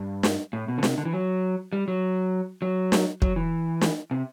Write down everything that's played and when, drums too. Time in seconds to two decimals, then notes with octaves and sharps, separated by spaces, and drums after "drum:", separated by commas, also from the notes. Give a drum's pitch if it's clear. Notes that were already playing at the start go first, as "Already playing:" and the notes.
Already playing: G2
0.23 drum: snare
0.53 A2
0.68 B2
0.78 D3
0.83 C3, drum: snare
0.98 D3
1.05 E3
1.13 F#3
1.73 G3
1.88 F#3
2.62 F#3
2.92 drum: snare
3.22 F#3, drum: kick
3.36 E3
3.81 drum: snare
4.11 C3